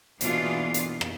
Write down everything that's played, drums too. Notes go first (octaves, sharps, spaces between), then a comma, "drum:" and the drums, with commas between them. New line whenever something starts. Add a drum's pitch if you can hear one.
B2 E3 A#3 D4 F4 G#4, drum: hi-hat
drum: hi-hat
drum: rim click